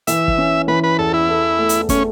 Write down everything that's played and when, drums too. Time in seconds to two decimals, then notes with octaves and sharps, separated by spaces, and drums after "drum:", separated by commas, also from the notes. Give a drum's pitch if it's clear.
0.07 E3 E5, drum: hi-hat
0.28 drum: kick
0.38 C#4
0.68 E3 B4
0.84 B4
0.98 E2 A4
1.13 E4
1.29 A4
1.58 A3
1.69 drum: hi-hat
1.89 A3 C#4, drum: kick, hi-hat